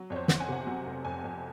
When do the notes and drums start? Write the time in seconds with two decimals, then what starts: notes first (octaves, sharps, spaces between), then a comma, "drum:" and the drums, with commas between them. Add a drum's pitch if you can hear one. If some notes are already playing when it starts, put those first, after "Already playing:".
Already playing: F#3
0.10 F2 C#5
0.16 C5
0.28 F2 F#5, drum: snare
0.40 G#5
0.48 C3 F#5
0.67 F#3
0.86 F1
1.05 F2 G#5
1.24 F2